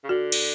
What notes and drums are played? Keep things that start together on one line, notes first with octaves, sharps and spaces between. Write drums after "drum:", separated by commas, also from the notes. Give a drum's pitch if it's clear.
C#3
D3 F#4
drum: cymbal